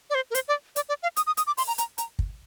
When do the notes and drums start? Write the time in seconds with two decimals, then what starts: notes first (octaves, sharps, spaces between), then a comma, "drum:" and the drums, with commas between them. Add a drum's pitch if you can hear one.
0.10 D5
0.15 C5
0.31 A#4
0.35 C5, drum: hi-hat
0.48 D5
0.76 D5, drum: hi-hat
0.89 D5
1.03 F5
1.16 D#6, drum: hi-hat
1.27 D#6
1.37 D#6, drum: hi-hat
1.47 D6
1.57 C6, drum: open hi-hat
1.68 A#5
1.78 A#5, drum: hi-hat
1.98 A#5, drum: hi-hat
2.19 drum: kick